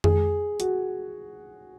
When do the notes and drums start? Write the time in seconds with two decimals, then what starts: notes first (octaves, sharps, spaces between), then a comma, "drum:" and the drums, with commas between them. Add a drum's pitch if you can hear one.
0.04 G#4, drum: tom F2
0.60 F#4, drum: hi-hat